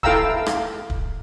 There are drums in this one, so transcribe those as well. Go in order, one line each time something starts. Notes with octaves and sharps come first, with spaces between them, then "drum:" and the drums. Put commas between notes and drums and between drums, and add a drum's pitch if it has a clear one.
E4 A4 F5 G5 A#5 E6, drum: kick
drum: rim click
drum: kick